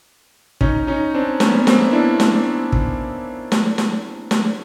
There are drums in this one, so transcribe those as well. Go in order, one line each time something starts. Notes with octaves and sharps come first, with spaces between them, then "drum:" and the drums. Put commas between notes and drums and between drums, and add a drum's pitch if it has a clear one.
C#4 D#4, drum: kick
C#4 D#4
C4 D4
B3 C#4, drum: snare
B3
A#3 C4, drum: snare
D4 E4
drum: snare
drum: kick
drum: snare
drum: snare
drum: snare